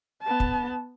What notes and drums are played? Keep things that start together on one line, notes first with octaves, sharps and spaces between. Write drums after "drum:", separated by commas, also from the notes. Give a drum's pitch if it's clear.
B3 A5
drum: kick